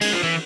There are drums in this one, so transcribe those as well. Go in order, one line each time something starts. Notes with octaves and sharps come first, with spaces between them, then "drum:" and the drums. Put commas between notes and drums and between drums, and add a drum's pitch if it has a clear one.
G#3, drum: cymbal
F3
E3